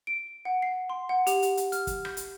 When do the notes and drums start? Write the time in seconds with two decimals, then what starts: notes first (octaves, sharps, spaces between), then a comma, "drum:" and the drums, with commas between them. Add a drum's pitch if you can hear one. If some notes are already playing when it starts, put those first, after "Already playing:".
0.07 D7
0.45 F#5
0.62 C7
0.90 C6
1.09 F#5
1.27 G4, drum: hi-hat
1.42 drum: hi-hat
1.57 drum: hi-hat
1.72 F6, drum: hi-hat
1.87 drum: kick, hi-hat
2.05 G6, drum: rim click
2.17 drum: hi-hat